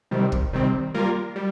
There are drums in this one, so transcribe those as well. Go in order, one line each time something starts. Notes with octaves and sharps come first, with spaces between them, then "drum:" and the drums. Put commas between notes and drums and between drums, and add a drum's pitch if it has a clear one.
C3 D#3 G3 C4
drum: kick
C3 D#3 G3 C4
G3 A#3 F4 A#4
G3